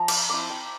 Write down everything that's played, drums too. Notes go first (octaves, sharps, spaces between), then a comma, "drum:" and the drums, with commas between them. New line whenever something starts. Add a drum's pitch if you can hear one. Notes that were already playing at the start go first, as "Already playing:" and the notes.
Already playing: F3 A#5
D6, drum: cymbal
C4 E4 D6
G5